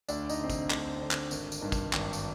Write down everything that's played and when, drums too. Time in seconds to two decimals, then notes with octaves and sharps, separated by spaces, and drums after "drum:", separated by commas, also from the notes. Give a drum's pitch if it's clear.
0.08 D2 D4, drum: tambourine
0.30 D#4, drum: tambourine
0.40 D3 C4
0.50 D4, drum: kick, tambourine
0.70 D2 C4, drum: clap
0.95 C4
1.01 D3 D4
1.11 drum: clap
1.31 G#1, drum: tambourine
1.52 drum: tambourine
1.61 G2 D#3
1.72 drum: kick, tambourine
1.93 G#1, drum: clap
2.13 drum: tambourine